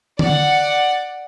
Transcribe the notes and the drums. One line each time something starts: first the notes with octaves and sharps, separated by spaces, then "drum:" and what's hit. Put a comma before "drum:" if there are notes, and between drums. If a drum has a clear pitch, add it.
D5 F#5, drum: tom D3